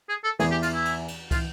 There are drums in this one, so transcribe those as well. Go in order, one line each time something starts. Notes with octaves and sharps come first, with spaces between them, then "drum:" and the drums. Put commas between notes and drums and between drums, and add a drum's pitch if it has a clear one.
G#4
A4
E2 E3 G#4, drum: cymbal
G4
F4, drum: cymbal
E4
drum: cymbal
drum: cymbal
E3 F4, drum: kick, cymbal